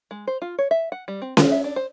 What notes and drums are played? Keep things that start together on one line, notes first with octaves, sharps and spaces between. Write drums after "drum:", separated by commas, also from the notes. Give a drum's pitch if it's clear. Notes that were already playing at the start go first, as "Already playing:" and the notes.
G#3
C5
F4
C#5
E5
F#5
G3
C4
F4, drum: snare C#4
E5
D4
C5